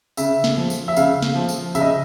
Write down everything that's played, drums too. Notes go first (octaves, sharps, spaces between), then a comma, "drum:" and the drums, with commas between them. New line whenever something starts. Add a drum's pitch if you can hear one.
C#3 E5, drum: tambourine
drum: snare
F3
drum: tambourine
E5
C#3 F5, drum: tambourine
drum: snare
F3
drum: tambourine
C#3 E5, drum: tambourine
D#5